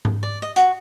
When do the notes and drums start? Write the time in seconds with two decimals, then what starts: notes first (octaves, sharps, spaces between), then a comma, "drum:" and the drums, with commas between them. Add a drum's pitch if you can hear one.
0.05 drum: tom G#2
0.23 D5
0.42 D#5
0.56 F#4, drum: hi-hat